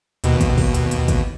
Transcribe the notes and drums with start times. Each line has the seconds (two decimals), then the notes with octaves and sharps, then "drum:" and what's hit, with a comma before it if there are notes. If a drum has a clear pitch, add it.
0.24 D#2 B2, drum: hi-hat
0.41 drum: kick, hi-hat
0.58 drum: kick, open hi-hat
0.74 drum: hi-hat
0.91 drum: hi-hat
1.08 drum: kick, hi-hat